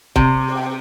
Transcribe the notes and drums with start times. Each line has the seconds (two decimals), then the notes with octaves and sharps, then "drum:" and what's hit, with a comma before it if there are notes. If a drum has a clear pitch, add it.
0.16 C3, drum: kick